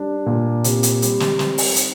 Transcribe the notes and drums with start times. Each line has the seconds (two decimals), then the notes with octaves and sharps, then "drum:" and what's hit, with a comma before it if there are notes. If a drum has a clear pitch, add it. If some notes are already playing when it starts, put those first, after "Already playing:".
Already playing: G3 D4
0.26 A#2
0.64 C3, drum: hi-hat
0.83 drum: hi-hat
1.02 G3, drum: hi-hat
1.20 drum: snare
1.39 C4, drum: snare
1.58 drum: open hi-hat
1.76 D#4, drum: hi-hat